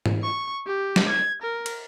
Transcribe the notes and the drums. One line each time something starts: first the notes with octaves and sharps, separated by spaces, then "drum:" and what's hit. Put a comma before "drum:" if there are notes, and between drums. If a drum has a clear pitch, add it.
drum: tom G#2
C#6
G4
drum: snare
G#6
A#4
drum: cymbal